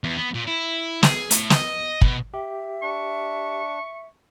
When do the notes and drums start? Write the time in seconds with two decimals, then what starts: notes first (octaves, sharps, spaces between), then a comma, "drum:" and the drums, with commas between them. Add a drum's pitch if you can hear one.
0.04 E2
0.17 B3
0.35 A#2
0.48 E4
1.03 G#4, drum: snare
1.31 A2, drum: hi-hat
1.50 D#5, drum: snare
2.01 B2, drum: kick
2.34 G4 E5
2.82 D4 C#6